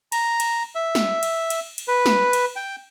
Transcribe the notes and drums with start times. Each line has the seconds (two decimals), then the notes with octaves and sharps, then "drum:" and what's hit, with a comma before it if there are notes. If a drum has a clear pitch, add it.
0.12 A#5, drum: cymbal
0.40 drum: cymbal
0.75 E5
0.95 drum: snare
1.23 drum: cymbal
1.50 drum: cymbal
1.78 drum: cymbal
1.88 B4
2.06 drum: snare
2.33 drum: cymbal
2.56 G5